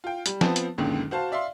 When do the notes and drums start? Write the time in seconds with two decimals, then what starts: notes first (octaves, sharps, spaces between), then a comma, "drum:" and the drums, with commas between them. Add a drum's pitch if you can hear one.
0.04 F4 G5
0.26 G3, drum: hi-hat
0.41 F3 B3 C4 A5, drum: snare
0.56 drum: hi-hat
0.78 C#2 F#2 A#2 D3 D#3
1.11 F#4 C5 F5 A5
1.32 D5 E5 F5 C6